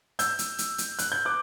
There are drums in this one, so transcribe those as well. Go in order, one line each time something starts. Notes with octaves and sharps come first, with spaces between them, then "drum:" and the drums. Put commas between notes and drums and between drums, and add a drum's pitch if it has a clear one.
E6 G6, drum: hi-hat
drum: hi-hat
drum: hi-hat
drum: hi-hat
F#6, drum: hi-hat
G6
D6 F#6